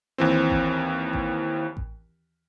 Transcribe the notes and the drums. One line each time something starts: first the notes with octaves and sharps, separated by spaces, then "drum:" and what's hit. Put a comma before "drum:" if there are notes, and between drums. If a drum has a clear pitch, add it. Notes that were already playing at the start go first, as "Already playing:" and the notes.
D#2 E3 C4
drum: kick A1
drum: kick A1
drum: kick A1